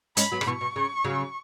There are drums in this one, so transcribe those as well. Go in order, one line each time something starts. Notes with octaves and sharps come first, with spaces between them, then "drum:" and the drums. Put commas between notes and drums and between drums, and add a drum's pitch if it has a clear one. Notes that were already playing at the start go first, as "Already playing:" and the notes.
G#3 C#4 B5, drum: hi-hat
F#3 B3
C#3, drum: rim click
B2 E3 C#6
B2
C#3
C#3 F#3